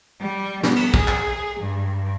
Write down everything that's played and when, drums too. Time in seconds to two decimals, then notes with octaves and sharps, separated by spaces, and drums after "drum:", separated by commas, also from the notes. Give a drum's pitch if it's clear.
0.20 G3
0.63 B3, drum: snare
0.76 drum: cymbal
0.94 G#4, drum: kick
1.08 drum: clap
1.59 G2